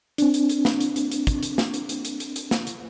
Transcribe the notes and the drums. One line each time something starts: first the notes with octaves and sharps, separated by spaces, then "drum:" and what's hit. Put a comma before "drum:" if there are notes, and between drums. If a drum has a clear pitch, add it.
C4 D4, drum: hi-hat
drum: hi-hat
drum: hi-hat
drum: snare
drum: hi-hat
drum: hi-hat
drum: hi-hat
drum: kick, hi-hat
drum: hi-hat
drum: snare
drum: hi-hat
drum: hi-hat
drum: hi-hat
drum: hi-hat
drum: hi-hat
drum: snare
drum: hi-hat